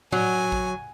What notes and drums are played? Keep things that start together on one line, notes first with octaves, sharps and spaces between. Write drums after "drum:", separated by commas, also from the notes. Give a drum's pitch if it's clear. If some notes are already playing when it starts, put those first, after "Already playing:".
F#3 G#5, drum: tom A2
drum: kick A1